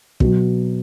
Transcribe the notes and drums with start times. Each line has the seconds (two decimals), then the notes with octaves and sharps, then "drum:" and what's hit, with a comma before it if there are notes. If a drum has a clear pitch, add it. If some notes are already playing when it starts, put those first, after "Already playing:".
0.20 B2 F#3, drum: kick